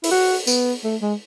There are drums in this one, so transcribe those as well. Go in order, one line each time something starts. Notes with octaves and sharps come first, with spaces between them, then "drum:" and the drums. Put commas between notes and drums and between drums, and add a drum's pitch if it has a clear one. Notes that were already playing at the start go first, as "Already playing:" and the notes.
E4, drum: open hi-hat
F#4
B3, drum: tambourine
A3
G#3